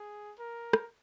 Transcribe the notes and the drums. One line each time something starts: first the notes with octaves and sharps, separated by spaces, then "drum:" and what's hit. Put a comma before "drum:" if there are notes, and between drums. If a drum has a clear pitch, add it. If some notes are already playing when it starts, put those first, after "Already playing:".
Already playing: G#4
A#4
drum: rim click